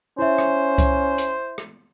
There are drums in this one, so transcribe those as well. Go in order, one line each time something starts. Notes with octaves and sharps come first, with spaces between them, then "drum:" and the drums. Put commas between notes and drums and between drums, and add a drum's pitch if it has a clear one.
C#4 E4 C5 E5
drum: rim click
drum: kick C2, hi-hat
drum: hi-hat
drum: rim click